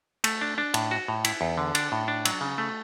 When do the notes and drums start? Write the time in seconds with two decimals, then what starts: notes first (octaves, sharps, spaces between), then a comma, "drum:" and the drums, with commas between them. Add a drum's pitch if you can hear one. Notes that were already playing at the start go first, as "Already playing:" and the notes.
0.24 A3, drum: cymbal
0.41 D4
0.58 D4
0.74 A2, drum: cymbal
0.91 F#4
1.08 A2
1.24 E4, drum: cymbal
1.41 E2
1.58 D3
1.75 D4, drum: cymbal
1.92 A2
2.08 D4
2.25 F#3, drum: cymbal
2.41 C#3
2.58 A3